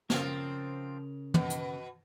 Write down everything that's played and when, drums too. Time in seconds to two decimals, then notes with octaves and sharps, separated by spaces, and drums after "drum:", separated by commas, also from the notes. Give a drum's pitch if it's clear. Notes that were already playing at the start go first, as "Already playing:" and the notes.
0.10 C#3 F3 C4 A#4, drum: snare
1.34 B2, drum: tom
1.50 drum: hi-hat